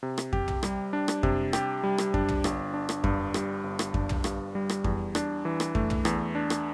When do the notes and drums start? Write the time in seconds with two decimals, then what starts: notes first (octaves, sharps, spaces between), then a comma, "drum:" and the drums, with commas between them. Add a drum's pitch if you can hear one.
0.03 C3
0.18 drum: rim click
0.33 G4, drum: kick F2
0.48 drum: tom
0.63 G3, drum: rim click
0.93 D4
1.08 drum: rim click
1.23 C3, drum: kick F2
1.53 G4, drum: rim click
1.84 G3
1.98 drum: rim click
2.14 D4, drum: kick F2
2.28 drum: tom
2.44 G1, drum: rim click
2.74 D4
2.89 drum: rim click
3.04 G2, drum: kick F2
3.34 G3, drum: rim click
3.64 G1
3.79 drum: rim click
3.94 D4, drum: kick F2
4.09 drum: tom
4.24 G2, drum: rim click
4.55 G3
4.69 drum: rim click
4.84 E2, drum: kick F2
5.15 D4, drum: rim click
5.45 E3
5.60 drum: rim click
5.75 A3, drum: kick F2
5.90 drum: tom
6.05 E2, drum: rim click
6.35 D4
6.50 drum: rim click